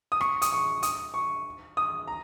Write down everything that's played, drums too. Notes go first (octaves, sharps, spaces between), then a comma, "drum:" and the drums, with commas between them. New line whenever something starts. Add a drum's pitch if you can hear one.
D#6
C#6, drum: rim click
D#6, drum: hi-hat
C#6
D#6, drum: hi-hat
C#6
D#6
A#5